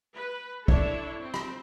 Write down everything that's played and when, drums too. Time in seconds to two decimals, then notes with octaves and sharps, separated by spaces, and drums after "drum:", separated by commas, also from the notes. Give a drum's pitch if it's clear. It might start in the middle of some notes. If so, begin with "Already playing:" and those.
0.16 B4
0.68 D4 E4 A4 C#5, drum: kick
1.18 C4
1.34 drum: rim click